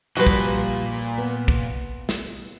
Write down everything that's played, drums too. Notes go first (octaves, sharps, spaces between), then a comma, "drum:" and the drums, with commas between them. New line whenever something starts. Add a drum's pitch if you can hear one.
A#2 F3 G3 F#4 B4
drum: kick
B3
drum: kick
drum: snare